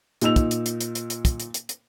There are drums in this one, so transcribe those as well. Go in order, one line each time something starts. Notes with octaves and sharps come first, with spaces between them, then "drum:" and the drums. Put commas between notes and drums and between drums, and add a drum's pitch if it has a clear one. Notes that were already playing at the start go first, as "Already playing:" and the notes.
A#2 D#4 E6 F7, drum: hi-hat
drum: kick, hi-hat
drum: hi-hat
drum: hi-hat
drum: hi-hat
drum: hi-hat
drum: hi-hat
drum: kick, hi-hat
drum: hi-hat
drum: hi-hat
drum: hi-hat